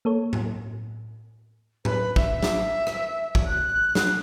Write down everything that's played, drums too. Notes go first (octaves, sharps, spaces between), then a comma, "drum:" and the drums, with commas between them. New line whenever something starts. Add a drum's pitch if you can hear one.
A#3 A4 C#5
drum: tom A2
B4, drum: tom A2
E5, drum: kick
drum: snare
drum: rim click
drum: kick
F#6
drum: snare